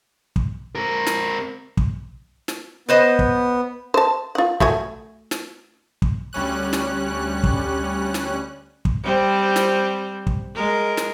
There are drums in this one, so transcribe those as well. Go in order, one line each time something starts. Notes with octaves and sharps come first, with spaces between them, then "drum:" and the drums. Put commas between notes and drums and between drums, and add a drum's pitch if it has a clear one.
drum: kick
C4 A#4
drum: snare
drum: kick
drum: snare
B3 B4 C5 D#5
drum: kick
C5 A5
F4 F#5
A3 F#4 G#5, drum: kick
drum: snare
drum: kick
D2 G3 C#4 F#6
drum: snare
drum: kick
drum: snare
drum: kick
G3 C4 C5
drum: snare
drum: kick
G#3 A#4
drum: snare